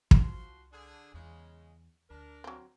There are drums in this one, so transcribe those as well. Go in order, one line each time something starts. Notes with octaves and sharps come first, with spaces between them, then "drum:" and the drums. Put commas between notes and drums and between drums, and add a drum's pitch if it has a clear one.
C2 F3 F#4 C6, drum: kick
D3 D4 G#4
E2 C#3 G#3
D2 D4 A#4
F#3 C4